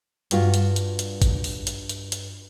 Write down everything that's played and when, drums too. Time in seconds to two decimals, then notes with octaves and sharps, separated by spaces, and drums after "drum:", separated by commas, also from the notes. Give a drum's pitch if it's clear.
0.31 G2 G3 F4 F#4, drum: hi-hat
0.54 drum: hi-hat
0.76 drum: hi-hat
0.99 drum: hi-hat
1.22 drum: kick G#1, hi-hat
1.44 drum: open hi-hat
1.67 drum: hi-hat
1.89 drum: hi-hat
2.12 drum: hi-hat